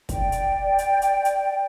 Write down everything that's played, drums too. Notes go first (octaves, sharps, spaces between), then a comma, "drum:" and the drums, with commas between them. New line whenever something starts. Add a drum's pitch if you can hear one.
D5 G5, drum: kick, hi-hat
drum: hi-hat
drum: hi-hat
drum: hi-hat
drum: hi-hat